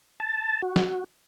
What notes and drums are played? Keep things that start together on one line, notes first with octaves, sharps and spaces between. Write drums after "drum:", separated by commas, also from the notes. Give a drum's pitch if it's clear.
A5
F#4
drum: snare